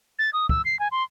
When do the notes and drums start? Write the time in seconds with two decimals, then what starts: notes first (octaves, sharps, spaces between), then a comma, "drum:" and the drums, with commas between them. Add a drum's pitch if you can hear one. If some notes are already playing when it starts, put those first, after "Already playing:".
0.19 A6
0.33 D#6
0.49 E6, drum: kick
0.65 C7
0.79 G#5
0.92 C6